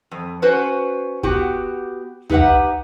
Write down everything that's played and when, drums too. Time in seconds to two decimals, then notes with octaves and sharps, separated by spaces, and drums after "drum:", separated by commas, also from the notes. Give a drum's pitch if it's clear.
0.11 F2
0.42 C#4 F#4 B4 C5
1.23 B3 F#4 G4, drum: kick
2.30 D#4 G4 B4 E5 F#5, drum: tom